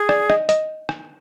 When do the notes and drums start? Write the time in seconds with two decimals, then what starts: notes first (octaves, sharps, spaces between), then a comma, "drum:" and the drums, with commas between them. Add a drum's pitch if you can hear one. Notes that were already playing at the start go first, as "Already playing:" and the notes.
Already playing: G#4
0.09 D5, drum: rim click
0.30 D#5, drum: rim click
0.49 D#5, drum: hi-hat
0.89 drum: rim click